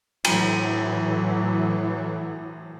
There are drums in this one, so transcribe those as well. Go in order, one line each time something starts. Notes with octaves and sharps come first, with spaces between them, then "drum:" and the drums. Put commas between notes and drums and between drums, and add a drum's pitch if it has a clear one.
A2 E3 F#3, drum: cymbal